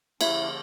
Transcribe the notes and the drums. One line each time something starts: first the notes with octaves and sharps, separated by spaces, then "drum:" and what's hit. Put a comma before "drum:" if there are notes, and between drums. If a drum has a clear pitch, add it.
D3 F3 A#3 C#4 E4, drum: cymbal